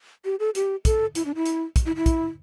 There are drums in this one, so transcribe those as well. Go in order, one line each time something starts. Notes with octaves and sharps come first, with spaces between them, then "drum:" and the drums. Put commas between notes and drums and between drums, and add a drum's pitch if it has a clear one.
G4
A4
G4, drum: hi-hat
A4, drum: kick, hi-hat
E4, drum: hi-hat
D4
E4
drum: hi-hat
drum: kick, hi-hat
E4
E4
drum: kick, hi-hat